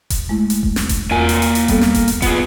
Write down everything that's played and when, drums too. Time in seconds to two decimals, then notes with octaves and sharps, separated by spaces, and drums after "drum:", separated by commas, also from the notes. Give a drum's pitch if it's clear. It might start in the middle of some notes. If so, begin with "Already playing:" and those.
0.10 drum: kick E1, hi-hat
0.29 G#3 A3 E4
0.50 drum: hi-hat
0.63 drum: kick E1
0.76 drum: snare
0.89 drum: kick E1, hi-hat
1.11 E2 A#3 F4 A#4 G#5
1.29 drum: hi-hat
1.42 drum: hi-hat
1.55 drum: hi-hat
1.68 G3 B3 A4, drum: kick E1, hi-hat
1.81 drum: snare
1.95 drum: kick E1, hi-hat
2.08 drum: hi-hat
2.22 B3 F4 G#4, drum: kick E1, hi-hat